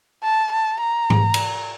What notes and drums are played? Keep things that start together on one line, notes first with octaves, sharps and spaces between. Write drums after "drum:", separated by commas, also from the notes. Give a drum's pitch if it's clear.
A5
A5
A#5
drum: tom G#2
drum: cymbal